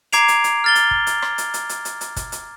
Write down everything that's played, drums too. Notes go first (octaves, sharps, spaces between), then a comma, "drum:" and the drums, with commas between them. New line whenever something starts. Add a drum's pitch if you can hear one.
A#5 D6 G#6 C7 D7 F7, drum: hi-hat
drum: hi-hat
drum: hi-hat
F6 A6 G7
drum: hi-hat
drum: kick
drum: hi-hat
drum: rim click
drum: hi-hat
drum: hi-hat
drum: hi-hat
drum: hi-hat
drum: hi-hat
drum: kick, hi-hat
drum: hi-hat